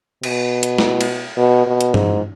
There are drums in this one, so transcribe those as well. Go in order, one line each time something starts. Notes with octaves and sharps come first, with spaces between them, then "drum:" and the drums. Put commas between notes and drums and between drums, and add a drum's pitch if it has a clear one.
B2, drum: cymbal
drum: hi-hat
drum: snare
drum: cymbal
B2
B2
drum: hi-hat
G#2, drum: tom G2